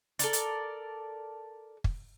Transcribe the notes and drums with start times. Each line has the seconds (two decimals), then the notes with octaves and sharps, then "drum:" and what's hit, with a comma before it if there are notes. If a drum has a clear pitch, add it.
0.19 A4 A#4 D5, drum: hi-hat
0.33 drum: hi-hat
1.84 drum: kick